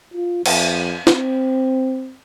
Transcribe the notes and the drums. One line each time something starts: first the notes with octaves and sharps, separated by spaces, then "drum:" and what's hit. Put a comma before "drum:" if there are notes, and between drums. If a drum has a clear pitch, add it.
F4
F2, drum: cymbal
C4, drum: snare